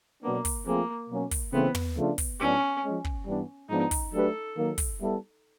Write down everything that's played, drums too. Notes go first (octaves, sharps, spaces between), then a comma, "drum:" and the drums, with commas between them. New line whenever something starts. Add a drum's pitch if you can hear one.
B2 F#3 A#3 B3 D4
drum: kick, open hi-hat
F3 A3 A#3 C4 F4 G#4
B2 F#3 A#3 C#4
drum: kick, open hi-hat
C#3 E3 A3 B3 C4
drum: tom
C#3 F3 A3 D4 F4
drum: kick, open hi-hat
A2 F#3 B3 C#4 D4
F3 G#3 C#4
drum: kick
G2 E3 G3 B3 D4
G#2 F3 G#3 B3 D4 D#4
drum: kick, open hi-hat
F#3 A3 D4 G4 A4 B4
D#3 F#3 A#3
drum: kick, open hi-hat
G3 B3 E4 A4